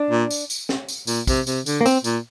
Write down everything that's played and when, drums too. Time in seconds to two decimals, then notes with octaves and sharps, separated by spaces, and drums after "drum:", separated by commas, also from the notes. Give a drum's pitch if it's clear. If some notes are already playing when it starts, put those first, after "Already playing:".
Already playing: D4
0.11 A#2
0.31 drum: tambourine
0.50 drum: tambourine
0.69 drum: snare
0.88 drum: tambourine
1.07 A#2, drum: tambourine
1.27 C3, drum: kick, tambourine
1.47 C3, drum: tambourine
1.66 D3, drum: tambourine
1.81 A#3
1.86 C4, drum: tambourine
2.04 A#2, drum: tambourine